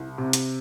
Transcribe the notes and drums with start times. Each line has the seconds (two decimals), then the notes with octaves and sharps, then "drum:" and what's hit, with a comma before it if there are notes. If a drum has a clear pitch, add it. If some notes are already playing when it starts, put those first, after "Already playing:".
Already playing: C2
0.18 C3
0.33 drum: hi-hat